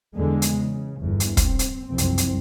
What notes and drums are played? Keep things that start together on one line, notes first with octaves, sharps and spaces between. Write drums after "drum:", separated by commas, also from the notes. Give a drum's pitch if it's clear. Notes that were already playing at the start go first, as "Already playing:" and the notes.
E2 D3 G#3
drum: hi-hat
C#3
G1 E2
drum: hi-hat
C4, drum: kick, hi-hat
drum: hi-hat
F#1 C2 F2 C4
drum: hi-hat
drum: hi-hat